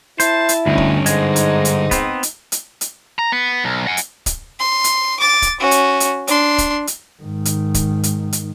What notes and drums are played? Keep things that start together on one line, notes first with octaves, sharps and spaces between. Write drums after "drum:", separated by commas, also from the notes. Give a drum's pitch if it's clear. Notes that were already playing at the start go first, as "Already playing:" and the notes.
E4 C5 A5, drum: hi-hat
drum: hi-hat
D2 G2 D3 C#4 D#4
drum: kick
G#2 G#3 D#4, drum: hi-hat
drum: hi-hat
drum: hi-hat
B3 C4, drum: kick, hi-hat
drum: hi-hat
drum: hi-hat
drum: hi-hat
A#5
B3
B1
F#5 G#5
drum: hi-hat
drum: kick, hi-hat
C6
drum: hi-hat
D6 A6
drum: kick, hi-hat
C#4 F#4
drum: hi-hat
drum: hi-hat
D4 C6, drum: hi-hat
drum: kick, hi-hat
drum: hi-hat
G#2 D#3
drum: hi-hat
drum: kick, hi-hat
drum: hi-hat
drum: hi-hat